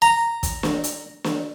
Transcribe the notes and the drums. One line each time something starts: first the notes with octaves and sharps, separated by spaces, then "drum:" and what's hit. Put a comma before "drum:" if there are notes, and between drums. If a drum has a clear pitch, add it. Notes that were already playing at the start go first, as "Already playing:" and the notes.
A#5
drum: kick, hi-hat
drum: snare
drum: hi-hat
drum: snare